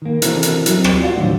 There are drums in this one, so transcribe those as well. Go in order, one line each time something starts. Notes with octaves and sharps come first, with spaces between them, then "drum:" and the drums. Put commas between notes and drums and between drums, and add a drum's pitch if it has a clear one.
D#3 A#3
C3 E3 C4 E4 A4 A#4, drum: hi-hat
drum: hi-hat
F#3 G3 C4, drum: hi-hat
drum: rim click
F4 F#4 D5 D#5 F5 F#5
A2 D3 D#3 F3 F#3 A3